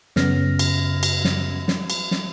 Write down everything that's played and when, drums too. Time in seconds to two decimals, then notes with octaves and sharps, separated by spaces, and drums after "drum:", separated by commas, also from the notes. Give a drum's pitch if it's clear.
0.16 F#2 C#3 B3 C#4 F6 A#6, drum: snare
0.59 drum: cymbal
1.03 drum: cymbal
1.25 drum: snare
1.68 drum: snare
1.90 drum: cymbal
2.11 drum: snare